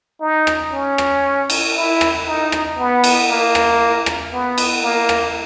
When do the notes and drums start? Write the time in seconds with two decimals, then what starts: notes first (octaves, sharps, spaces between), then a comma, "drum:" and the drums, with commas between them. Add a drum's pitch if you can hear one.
0.21 D#4
0.47 drum: rim click
0.72 C#4
0.98 drum: rim click
1.50 drum: cymbal
1.76 E4
2.01 drum: rim click
2.27 D#4
2.52 drum: rim click
2.78 B3
3.04 drum: cymbal
3.29 A#3
3.55 drum: rim click
4.06 drum: rim click
4.33 B3
4.58 drum: cymbal
4.83 A#3
5.09 drum: rim click